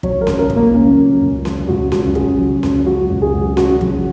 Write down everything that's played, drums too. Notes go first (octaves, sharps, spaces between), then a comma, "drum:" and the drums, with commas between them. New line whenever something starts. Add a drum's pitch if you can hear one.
F#3 C#5, drum: kick
A#4
C#2, drum: snare C#4
A#4
C#2, drum: kick
A#3
C#3 C#4
F#3
C#2
F#3, drum: snare C#4
C#2 F#4
C#2 F#4, drum: snare C#4
C#3 G#4, drum: kick
F#3
C#2, drum: snare C#4
F#3 F#4
C#2
G#4
C#2
C#3 F#4, drum: snare C#4
F#3, drum: kick